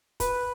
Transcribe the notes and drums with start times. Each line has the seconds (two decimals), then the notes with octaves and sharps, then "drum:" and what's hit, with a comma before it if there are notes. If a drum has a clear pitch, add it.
0.20 B4, drum: kick, hi-hat